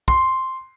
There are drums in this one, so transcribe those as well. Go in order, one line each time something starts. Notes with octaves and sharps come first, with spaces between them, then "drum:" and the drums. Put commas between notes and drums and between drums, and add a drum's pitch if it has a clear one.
C6, drum: kick